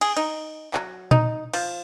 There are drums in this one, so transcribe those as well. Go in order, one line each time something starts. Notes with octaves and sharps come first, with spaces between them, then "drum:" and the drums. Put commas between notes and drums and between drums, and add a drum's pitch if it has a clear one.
G#4, drum: cymbal
D#4, drum: cymbal
F#3, drum: clap
D#4, drum: tom A#2
F3, drum: cymbal